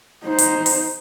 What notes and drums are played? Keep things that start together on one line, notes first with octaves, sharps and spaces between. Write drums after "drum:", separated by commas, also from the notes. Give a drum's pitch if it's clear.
D#4 C5
drum: hi-hat
drum: open hi-hat